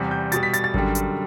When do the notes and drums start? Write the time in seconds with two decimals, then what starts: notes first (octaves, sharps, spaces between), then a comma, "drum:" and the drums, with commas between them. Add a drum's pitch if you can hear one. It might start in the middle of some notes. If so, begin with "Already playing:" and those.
Already playing: E2 C3 G3
0.11 G6
0.32 B2 G3 A6, drum: hi-hat
0.43 B6
0.54 A6, drum: hi-hat
0.64 A6
0.74 F#2 D3 G3, drum: kick G#1
0.95 drum: hi-hat